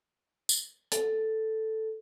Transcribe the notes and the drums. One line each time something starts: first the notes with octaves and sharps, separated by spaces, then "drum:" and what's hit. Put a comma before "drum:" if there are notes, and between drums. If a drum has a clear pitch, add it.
drum: tambourine
A4, drum: hi-hat